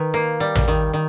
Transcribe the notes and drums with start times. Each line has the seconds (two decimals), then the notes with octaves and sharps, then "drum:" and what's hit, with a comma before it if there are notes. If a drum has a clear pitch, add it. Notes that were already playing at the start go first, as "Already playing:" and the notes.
Already playing: D#3 B4
0.14 A#3
0.40 G3
0.55 drum: tom A1
0.68 D#3
0.94 D#3